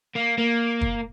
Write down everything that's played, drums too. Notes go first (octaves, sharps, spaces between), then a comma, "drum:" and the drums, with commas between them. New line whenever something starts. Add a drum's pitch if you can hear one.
A#3
A#3
drum: kick